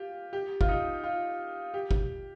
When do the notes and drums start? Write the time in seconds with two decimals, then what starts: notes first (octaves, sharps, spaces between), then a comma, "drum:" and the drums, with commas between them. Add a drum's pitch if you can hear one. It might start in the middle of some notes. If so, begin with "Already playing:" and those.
Already playing: F4 G4
0.33 G4
0.61 F4, drum: kick
0.69 D#4
1.04 F4
1.74 G4
1.91 drum: kick